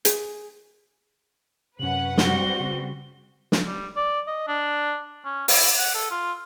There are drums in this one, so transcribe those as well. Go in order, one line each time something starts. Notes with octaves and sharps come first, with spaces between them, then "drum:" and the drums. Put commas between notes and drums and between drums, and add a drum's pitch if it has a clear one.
G#4, drum: hi-hat
F#2 C3 C#4 B4 F#5 F#7
G3 C4 F#4 G7, drum: snare
C#3
drum: snare
G3
D5
D#5
D4
C#4
E4, drum: open hi-hat
F#5
A4
F4